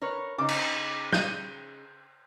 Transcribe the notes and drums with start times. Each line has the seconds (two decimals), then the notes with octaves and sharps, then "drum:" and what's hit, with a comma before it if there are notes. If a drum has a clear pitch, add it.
0.01 A#4 B4 C#5
0.38 C#3 D#4 D6
0.49 drum: cymbal
1.13 G6 D#7, drum: snare